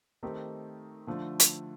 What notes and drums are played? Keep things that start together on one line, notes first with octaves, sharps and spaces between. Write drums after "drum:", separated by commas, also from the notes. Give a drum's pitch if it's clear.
D#3 A3 C4 D#4 G4
D3 F3 A3 D4
drum: hi-hat